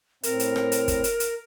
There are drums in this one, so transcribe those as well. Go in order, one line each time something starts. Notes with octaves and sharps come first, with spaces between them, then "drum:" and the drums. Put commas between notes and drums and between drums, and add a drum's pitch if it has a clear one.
A2 C4 A#4, drum: hi-hat
drum: hi-hat
drum: rim click
drum: hi-hat
drum: kick, hi-hat
drum: hi-hat
drum: hi-hat